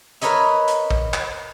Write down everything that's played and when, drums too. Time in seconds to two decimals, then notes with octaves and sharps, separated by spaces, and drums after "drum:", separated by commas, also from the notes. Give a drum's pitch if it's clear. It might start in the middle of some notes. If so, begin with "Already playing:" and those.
0.21 A#4 B4 C#5 D#5 E5, drum: hi-hat
0.67 drum: hi-hat
0.91 drum: kick
1.14 drum: clap